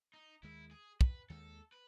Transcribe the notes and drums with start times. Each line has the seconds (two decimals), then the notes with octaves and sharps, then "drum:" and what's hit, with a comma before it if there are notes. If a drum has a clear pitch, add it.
0.14 D#4
0.43 D#2 D#3 G#3 E4
0.71 G#4
1.01 B4, drum: kick
1.30 D#2 D#3 G#3 A4
1.72 B4